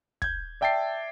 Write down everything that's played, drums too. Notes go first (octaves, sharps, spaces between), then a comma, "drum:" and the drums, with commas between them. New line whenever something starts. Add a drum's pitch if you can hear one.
G6 G#6, drum: kick
D5 E5 G5 A5 A6 C7